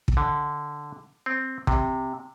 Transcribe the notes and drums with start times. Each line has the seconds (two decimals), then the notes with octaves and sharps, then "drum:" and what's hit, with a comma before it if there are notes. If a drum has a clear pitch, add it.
0.08 drum: kick
0.17 D3
1.26 C4
1.67 C3, drum: kick